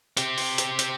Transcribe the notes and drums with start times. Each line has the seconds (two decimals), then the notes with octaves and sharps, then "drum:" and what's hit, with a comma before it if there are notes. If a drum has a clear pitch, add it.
0.17 C4 G4, drum: hi-hat
0.38 drum: open hi-hat
0.58 drum: hi-hat
0.79 drum: hi-hat